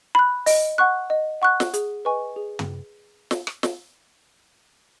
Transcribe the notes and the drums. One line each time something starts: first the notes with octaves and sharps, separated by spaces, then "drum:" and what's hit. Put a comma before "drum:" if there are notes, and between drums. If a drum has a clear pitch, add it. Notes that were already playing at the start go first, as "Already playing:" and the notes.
B5 F#6
D#5, drum: open hi-hat
F#5 C#6 F#6
D#5
F#5 C#6 F#6
drum: snare
G#4, drum: hi-hat
B4 D#5 G#5 C#6
G#4
drum: tom
drum: snare
drum: rim click
drum: snare